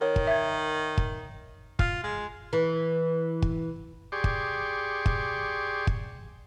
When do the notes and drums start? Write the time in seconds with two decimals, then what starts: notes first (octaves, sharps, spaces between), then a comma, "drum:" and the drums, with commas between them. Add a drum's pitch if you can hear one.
0.01 D#3 A#4 C#5
0.16 drum: kick
0.27 E5 G#6
0.98 drum: kick
1.79 F4, drum: kick
2.04 G#3
2.53 E3
3.42 drum: kick
4.12 G4 G#4 D5 C6 C#6
4.24 drum: kick
5.06 drum: kick
5.87 drum: kick